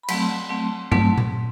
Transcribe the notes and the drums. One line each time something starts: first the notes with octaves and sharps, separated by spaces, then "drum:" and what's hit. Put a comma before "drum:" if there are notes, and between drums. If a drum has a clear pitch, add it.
B5
F#3 A3 C4 C6, drum: cymbal
F#3 A3 C4
F#3 A3 C4, drum: tom G2
drum: tom A#2